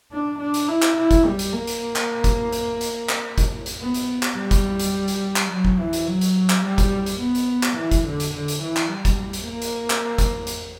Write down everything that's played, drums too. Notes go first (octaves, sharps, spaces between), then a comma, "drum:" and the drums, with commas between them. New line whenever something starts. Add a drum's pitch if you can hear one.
D4
D4
drum: hi-hat
E4
drum: clap
E4
drum: kick, hi-hat
G3
drum: hi-hat
A#3
drum: hi-hat
drum: clap
drum: kick, hi-hat
drum: hi-hat
drum: hi-hat
drum: clap
drum: kick, hi-hat
drum: hi-hat
B3
drum: hi-hat
drum: clap
G3
drum: kick, hi-hat
drum: hi-hat
drum: hi-hat
drum: clap
F#3
drum: kick
E3
drum: hi-hat
F#3
drum: hi-hat
drum: clap
G3
drum: kick, hi-hat
drum: hi-hat
B3
drum: hi-hat
drum: clap
E3
drum: kick, hi-hat
D3
drum: hi-hat
D3
drum: hi-hat
E3
drum: clap
G3
drum: kick, hi-hat
drum: hi-hat
A#3
drum: hi-hat
drum: clap
drum: kick, hi-hat
drum: hi-hat